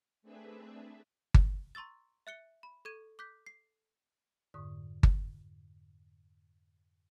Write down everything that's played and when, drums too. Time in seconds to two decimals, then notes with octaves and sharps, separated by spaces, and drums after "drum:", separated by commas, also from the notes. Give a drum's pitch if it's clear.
0.22 A3 C4 D4 G#4 B4 E5
1.34 drum: kick G1
1.75 A#5 C6 C#6 E6 A6
2.27 E5 F#6 C#7 G7
2.63 B5
2.85 A4 C#6 G#6 D#7
3.19 D6 F#6 G6 B6
3.46 C7
4.54 F2 G#2 D3 C#6 D#6
5.03 drum: kick G1